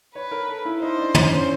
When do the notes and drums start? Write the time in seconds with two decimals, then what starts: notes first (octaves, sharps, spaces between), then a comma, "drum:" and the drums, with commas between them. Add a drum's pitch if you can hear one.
0.15 B4 C#5
0.31 A#4
0.49 A4
0.65 E4
0.81 D#4 C5
0.98 D4
1.15 C#4, drum: tom
1.31 C#4